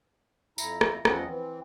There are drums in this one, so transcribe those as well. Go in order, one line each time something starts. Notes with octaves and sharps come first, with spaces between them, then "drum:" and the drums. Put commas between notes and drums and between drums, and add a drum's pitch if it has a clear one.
F2 E4 A#5, drum: tambourine
drum: rim click
E2 F3 C4 C#4 D#5 F#5, drum: rim click
E3 C4